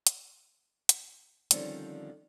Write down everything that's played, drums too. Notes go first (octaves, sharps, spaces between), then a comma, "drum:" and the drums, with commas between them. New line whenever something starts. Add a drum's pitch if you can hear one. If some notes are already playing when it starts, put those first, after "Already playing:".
drum: hi-hat
drum: hi-hat
D3 D#3 F3 G3 C4 C#4, drum: hi-hat